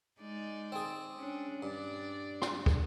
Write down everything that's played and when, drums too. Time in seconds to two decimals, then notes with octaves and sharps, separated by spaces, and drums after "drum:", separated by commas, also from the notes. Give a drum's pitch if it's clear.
0.20 G#3 D#4 D5
0.72 C4 G#4
1.16 C#4 D4
1.63 G2 D4 D5
2.42 drum: rim click
2.66 drum: kick